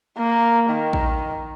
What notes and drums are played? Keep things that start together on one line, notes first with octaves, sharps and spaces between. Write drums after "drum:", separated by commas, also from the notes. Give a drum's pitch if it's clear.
A#3
D#3
drum: kick